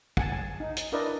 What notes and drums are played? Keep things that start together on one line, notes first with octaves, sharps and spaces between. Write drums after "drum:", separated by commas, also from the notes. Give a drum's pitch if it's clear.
F#5 G#5 A5, drum: kick
G#5
D#4
drum: hi-hat
D4 E4 A#4 B4 D5 D#5